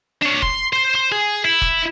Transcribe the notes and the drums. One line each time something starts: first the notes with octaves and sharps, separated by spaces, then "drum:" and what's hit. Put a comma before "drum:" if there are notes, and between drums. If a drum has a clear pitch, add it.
D4 C#5
C6, drum: kick F1
C5
C5
G#4
E4
drum: kick F1